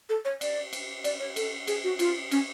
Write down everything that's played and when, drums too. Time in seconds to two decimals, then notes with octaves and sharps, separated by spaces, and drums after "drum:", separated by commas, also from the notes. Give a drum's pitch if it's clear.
0.09 A4
0.25 C#5
0.41 D5, drum: cymbal
0.73 drum: cymbal
1.04 D5, drum: cymbal
1.20 C#5
1.36 A4, drum: cymbal
1.67 G#4, drum: cymbal
1.84 F#4
1.99 F4, drum: cymbal
2.31 C#4, drum: cymbal